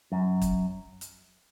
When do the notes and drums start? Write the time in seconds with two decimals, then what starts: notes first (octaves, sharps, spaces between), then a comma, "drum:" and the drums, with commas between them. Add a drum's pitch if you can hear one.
0.12 F#2
0.42 drum: kick, hi-hat
1.01 drum: hi-hat